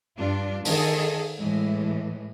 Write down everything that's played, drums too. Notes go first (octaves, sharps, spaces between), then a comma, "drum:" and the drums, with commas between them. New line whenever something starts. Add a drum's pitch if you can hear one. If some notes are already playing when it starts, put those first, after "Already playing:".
G2 D4 F4
D#3 G#4 A4, drum: open hi-hat
A2 E3 G#3